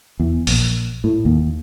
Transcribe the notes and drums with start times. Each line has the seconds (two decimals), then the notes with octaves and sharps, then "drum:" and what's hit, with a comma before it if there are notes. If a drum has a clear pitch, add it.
0.20 E2
0.47 A#1, drum: open hi-hat
1.04 A2
1.25 D#2